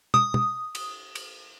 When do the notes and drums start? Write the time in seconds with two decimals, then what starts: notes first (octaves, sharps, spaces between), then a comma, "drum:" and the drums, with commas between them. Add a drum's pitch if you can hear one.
0.14 D#6, drum: tom
0.34 drum: tom
0.75 drum: cymbal
1.15 drum: cymbal